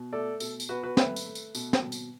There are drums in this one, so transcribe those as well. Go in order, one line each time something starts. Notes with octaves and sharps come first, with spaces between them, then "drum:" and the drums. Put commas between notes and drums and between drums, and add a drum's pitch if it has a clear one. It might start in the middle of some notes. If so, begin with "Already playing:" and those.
Already playing: B2
A3 A4 D5
B2 A4, drum: tambourine
drum: tambourine
B2 F#4 B4
F#4 B4
A3 B4 E5, drum: snare
drum: tambourine
A3
drum: tambourine
B2, drum: tambourine
drum: snare
B2
drum: tambourine